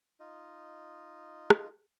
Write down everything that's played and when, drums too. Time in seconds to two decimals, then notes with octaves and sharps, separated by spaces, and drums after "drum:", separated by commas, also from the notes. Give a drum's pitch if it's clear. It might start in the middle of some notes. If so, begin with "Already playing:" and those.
0.20 D#4 F4 D#5
1.50 drum: rim click